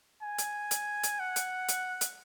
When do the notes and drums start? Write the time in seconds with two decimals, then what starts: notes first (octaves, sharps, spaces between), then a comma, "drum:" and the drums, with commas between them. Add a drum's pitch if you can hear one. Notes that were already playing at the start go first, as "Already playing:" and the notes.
0.22 G#5
0.38 drum: hi-hat
0.71 drum: hi-hat
1.03 drum: hi-hat
1.20 F#5
1.36 drum: hi-hat
1.69 drum: hi-hat
2.01 drum: hi-hat